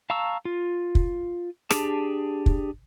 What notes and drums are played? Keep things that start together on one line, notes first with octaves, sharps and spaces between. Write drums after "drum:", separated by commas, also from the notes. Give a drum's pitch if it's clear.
F5 A5 A#5 C#6 E6
F4
drum: kick
D4 G4 G#4 A5, drum: rim click
drum: kick